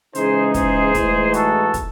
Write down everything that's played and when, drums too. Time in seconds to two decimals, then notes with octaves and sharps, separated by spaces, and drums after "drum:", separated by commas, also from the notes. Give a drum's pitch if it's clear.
0.15 C#3 E3 G#3 D#4 G#4 C5, drum: hi-hat
0.54 G#4 C5, drum: kick, hi-hat
0.95 A2 E3 G#3 D#4, drum: kick, hi-hat
1.34 F#4 A4, drum: hi-hat
1.74 drum: kick, hi-hat